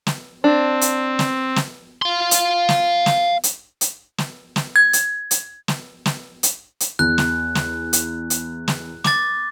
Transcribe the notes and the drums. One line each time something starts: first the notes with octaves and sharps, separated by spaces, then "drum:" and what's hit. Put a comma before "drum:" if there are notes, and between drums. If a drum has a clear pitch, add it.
drum: snare
C4 D4
drum: hi-hat
drum: snare
drum: snare
F5 C6
drum: hi-hat
drum: snare
drum: snare
drum: hi-hat
drum: hi-hat
drum: snare
drum: snare
G#6
drum: hi-hat
drum: hi-hat
drum: snare
drum: snare
drum: hi-hat
drum: hi-hat
E2 F#6
drum: snare
drum: snare
drum: hi-hat
drum: hi-hat
drum: snare
D6 A6, drum: snare